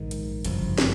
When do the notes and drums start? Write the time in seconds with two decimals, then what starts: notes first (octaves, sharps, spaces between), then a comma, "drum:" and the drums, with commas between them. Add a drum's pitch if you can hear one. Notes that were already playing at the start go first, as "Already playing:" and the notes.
Already playing: A#1 G#2 D#3
0.11 drum: hi-hat
0.45 G1 F#2 C#3 F3, drum: hi-hat
0.78 drum: snare